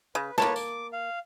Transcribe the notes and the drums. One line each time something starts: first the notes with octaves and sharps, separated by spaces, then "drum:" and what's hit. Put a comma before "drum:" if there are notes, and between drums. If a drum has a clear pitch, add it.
C#3 B4
A#3 B4 C#5 A5, drum: snare
D6, drum: tambourine
F5